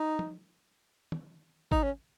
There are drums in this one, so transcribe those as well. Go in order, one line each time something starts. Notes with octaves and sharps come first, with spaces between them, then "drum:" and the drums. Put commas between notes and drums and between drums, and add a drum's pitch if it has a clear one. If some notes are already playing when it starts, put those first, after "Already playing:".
Already playing: D#4
drum: tom
drum: tom
D#4, drum: kick G#1
C#4